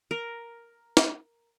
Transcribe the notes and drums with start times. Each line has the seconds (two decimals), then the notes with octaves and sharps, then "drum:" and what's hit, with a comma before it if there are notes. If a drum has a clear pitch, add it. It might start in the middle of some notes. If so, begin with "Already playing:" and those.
0.11 A#4
0.97 drum: snare